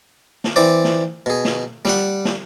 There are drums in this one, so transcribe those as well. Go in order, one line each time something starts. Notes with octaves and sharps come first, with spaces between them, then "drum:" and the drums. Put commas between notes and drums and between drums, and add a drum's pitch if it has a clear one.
drum: snare
E3 C4 D5
drum: snare
B2 G#4
drum: snare
G3 F#5, drum: snare
drum: snare